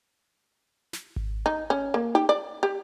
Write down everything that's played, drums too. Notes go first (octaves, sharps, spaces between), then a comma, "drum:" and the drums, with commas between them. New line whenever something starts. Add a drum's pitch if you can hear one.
drum: snare
drum: kick G#1
D#4
C#4
A#3
G4, drum: tom D#4
D5
G4